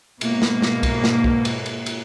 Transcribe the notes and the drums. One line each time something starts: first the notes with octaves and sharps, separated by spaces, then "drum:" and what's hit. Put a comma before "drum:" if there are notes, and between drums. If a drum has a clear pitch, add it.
G#2 B2 A#3, drum: cymbal
drum: snare
drum: snare
drum: kick, cymbal
drum: snare
drum: kick
drum: cymbal
drum: cymbal
drum: cymbal